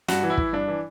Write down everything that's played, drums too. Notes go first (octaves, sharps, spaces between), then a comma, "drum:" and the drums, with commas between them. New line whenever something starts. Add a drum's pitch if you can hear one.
G2 F#4, drum: snare
E3
E4
E3, drum: kick
G2 D4
E3